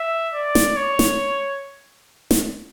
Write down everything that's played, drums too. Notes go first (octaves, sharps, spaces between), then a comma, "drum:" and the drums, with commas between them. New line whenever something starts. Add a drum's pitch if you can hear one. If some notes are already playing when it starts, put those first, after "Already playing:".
Already playing: E5
D5
drum: snare
C#5
drum: snare
drum: snare